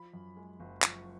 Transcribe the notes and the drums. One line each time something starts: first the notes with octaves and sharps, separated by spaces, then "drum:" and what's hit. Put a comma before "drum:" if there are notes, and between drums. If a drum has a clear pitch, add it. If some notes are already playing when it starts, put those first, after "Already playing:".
Already playing: F3 B5
F#2
G#3
F#1
F3 C#6, drum: clap